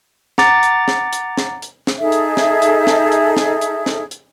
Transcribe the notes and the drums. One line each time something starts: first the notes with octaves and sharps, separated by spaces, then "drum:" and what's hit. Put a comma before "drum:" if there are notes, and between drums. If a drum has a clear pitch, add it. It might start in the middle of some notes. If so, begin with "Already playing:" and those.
F#5 A#5 D6 A6, drum: snare
drum: hi-hat
drum: snare
drum: hi-hat
drum: snare
drum: hi-hat
drum: snare
D#4 G#4 A4 E5
drum: hi-hat
drum: snare
drum: hi-hat
drum: snare
drum: hi-hat
drum: snare
drum: hi-hat
drum: snare
drum: hi-hat